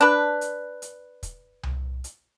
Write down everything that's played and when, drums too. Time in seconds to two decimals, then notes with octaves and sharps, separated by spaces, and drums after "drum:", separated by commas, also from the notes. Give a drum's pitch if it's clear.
0.01 D4 B4
0.41 drum: hi-hat
0.82 drum: hi-hat
1.23 drum: kick, hi-hat
1.63 drum: tom C2
2.04 drum: hi-hat